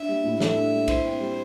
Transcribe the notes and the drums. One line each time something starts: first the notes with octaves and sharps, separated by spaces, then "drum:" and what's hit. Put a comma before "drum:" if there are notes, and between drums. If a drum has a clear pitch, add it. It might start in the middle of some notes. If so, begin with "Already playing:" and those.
Already playing: D4 E5
G3
A2
A4 E5, drum: snare
D4
G3
E4 C5, drum: kick, cymbal
C4
G3